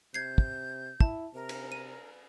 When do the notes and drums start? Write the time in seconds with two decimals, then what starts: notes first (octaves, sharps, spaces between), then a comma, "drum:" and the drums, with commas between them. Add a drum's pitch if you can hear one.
0.14 C3 G6 G#6 C7
0.38 drum: kick
1.00 E4 A5, drum: kick
1.34 C3 A#4
1.49 drum: cymbal
1.72 D#7